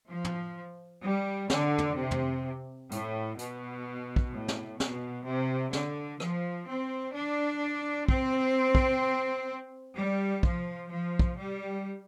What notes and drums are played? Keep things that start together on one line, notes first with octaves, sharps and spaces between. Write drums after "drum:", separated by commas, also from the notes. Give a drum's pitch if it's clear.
F3
drum: tom
G3
D3, drum: snare
drum: tom
C3
drum: tom
A2, drum: hi-hat
B2, drum: hi-hat
drum: kick
A2
drum: snare
B2, drum: snare
C3
D3, drum: snare
F3, drum: rim click
C4
D4
C4, drum: kick
drum: kick
G3
F3, drum: kick
F3
drum: kick
G3